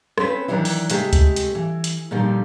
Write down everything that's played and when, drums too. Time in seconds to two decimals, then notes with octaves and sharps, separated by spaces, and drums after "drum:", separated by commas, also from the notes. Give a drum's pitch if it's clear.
0.18 C4 C#4 E4 B4, drum: rim click
0.48 D#3 E3 F#3 D4 E4
0.65 drum: open hi-hat
0.90 C3 G#3 A3 G4, drum: hi-hat
1.13 drum: kick C#2, hi-hat
1.36 drum: hi-hat
1.55 E3
1.84 drum: hi-hat
2.11 A#2 D3 D#3 F3 G3